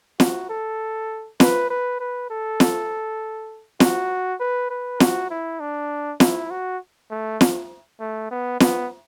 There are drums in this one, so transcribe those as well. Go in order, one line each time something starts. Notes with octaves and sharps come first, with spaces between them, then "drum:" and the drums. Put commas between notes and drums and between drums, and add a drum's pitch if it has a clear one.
F#4, drum: snare
A4
B4, drum: snare
B4
B4
A4
drum: snare
F#4, drum: snare
B4
B4
F#4, drum: snare
E4
D4
E4, drum: snare
F#4
A3
drum: snare
A3
B3
B3, drum: snare